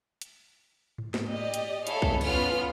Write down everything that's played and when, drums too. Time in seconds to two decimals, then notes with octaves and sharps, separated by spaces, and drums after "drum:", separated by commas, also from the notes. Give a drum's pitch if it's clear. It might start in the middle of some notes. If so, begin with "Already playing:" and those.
0.21 drum: hi-hat
0.98 drum: tom G#2
1.14 drum: snare
1.30 G4 D5 D#5
1.54 drum: hi-hat
1.87 E4 G#4 A4 C#5 F5, drum: hi-hat
2.02 drum: kick B1
2.21 B3 C#4 F4 F6, drum: cymbal